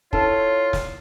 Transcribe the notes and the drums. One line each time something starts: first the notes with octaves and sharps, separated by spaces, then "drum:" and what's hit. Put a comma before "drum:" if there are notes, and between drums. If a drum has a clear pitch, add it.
E4 F4 A4 C#5 A5, drum: kick
drum: snare